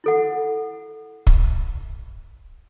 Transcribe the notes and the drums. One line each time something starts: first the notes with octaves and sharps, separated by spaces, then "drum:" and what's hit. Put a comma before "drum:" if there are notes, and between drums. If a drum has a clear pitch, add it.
E4 A4 F#5
drum: kick